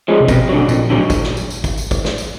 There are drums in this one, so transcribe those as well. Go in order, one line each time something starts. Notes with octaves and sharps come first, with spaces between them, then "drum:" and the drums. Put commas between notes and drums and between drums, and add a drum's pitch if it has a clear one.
F3 G#3 C#4
C3
F2 B2, drum: kick, tambourine
D3 F#3
F2 A#2, drum: tambourine
D3 F#3
drum: kick, tambourine
drum: snare
drum: tambourine
drum: tambourine
drum: kick, tambourine
drum: tambourine
drum: kick, tambourine
drum: snare
drum: tambourine